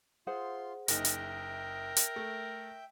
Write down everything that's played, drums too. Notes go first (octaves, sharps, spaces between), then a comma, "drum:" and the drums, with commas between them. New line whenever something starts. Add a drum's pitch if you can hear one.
F4 G#4 C5 F#5 C6
F#1 D#4 A#4 E5 G5, drum: hi-hat
drum: hi-hat
drum: hi-hat
A3